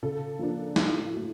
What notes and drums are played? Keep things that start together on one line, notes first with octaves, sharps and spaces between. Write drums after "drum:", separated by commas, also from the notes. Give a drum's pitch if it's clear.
C#3 A4
F3 A#3 D4
A2, drum: snare
F#3 A3